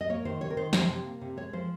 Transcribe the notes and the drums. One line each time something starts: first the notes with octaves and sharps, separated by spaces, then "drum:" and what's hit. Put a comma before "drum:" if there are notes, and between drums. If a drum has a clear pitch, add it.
D#5
A#3 C#5
D#3 C5
C3 C#5
A#4
D#3 C5
C3 C5, drum: snare
C3
A#3
C3
G#3 C#5
F3 C5